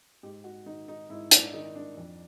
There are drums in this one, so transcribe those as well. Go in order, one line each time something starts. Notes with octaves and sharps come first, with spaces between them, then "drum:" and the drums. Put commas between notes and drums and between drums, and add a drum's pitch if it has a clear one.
G#2 G4
F#4
D#3 D#4
D#4
G#2 E4
D4, drum: hi-hat
D#3 D#4
D4
F2